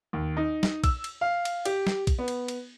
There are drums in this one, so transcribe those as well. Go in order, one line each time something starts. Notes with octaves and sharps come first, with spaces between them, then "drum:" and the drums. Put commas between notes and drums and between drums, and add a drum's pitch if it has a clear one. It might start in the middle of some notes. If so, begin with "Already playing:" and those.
D#2
D#4
drum: snare
E6, drum: kick A#1, cymbal
drum: cymbal
F5
drum: cymbal
G4, drum: cymbal
drum: snare
drum: kick A#1, cymbal
B3
drum: cymbal
drum: cymbal